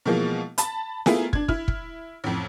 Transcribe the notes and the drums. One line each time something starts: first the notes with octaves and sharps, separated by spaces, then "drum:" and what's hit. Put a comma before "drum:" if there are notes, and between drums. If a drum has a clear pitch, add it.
B2 E3 F3 G#3 A#3
A5 B5, drum: hi-hat
A3 B3 E4 F4 G#4 A#4, drum: snare
D4 G#6, drum: kick
E4 F6, drum: kick
drum: kick
A1 F2